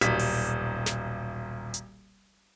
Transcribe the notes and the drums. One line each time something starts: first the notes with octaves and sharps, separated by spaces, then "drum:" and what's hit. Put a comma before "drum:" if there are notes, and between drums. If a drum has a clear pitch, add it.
D#1 B1 B6, drum: hi-hat
drum: open hi-hat
drum: snare
drum: hi-hat